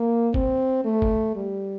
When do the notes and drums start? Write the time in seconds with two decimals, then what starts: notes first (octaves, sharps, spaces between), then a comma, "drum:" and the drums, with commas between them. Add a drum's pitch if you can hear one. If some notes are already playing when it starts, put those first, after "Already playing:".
Already playing: A#3
0.34 C4, drum: kick
0.85 A3
1.02 drum: kick
1.36 G3